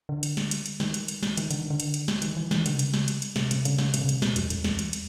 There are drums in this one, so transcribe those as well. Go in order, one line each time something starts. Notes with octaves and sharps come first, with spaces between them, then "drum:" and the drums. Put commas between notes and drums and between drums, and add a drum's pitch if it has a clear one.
D3
drum: hi-hat
drum: snare
drum: hi-hat
drum: hi-hat
D#3, drum: snare
drum: hi-hat
drum: hi-hat
drum: snare
D#3, drum: hi-hat
D3, drum: hi-hat
D#3
D3
drum: hi-hat
drum: hi-hat
drum: snare
D#3, drum: hi-hat
E3
D#3, drum: snare
D3, drum: hi-hat
C3
C#3, drum: hi-hat
drum: snare
drum: hi-hat
drum: hi-hat
C3, drum: snare
C3, drum: hi-hat
C#3, drum: hi-hat
C#3, drum: snare
C3, drum: hi-hat
C#3
C3, drum: hi-hat
B2, drum: snare
F2, drum: hi-hat
F2, drum: hi-hat
E2, drum: snare
drum: hi-hat
drum: hi-hat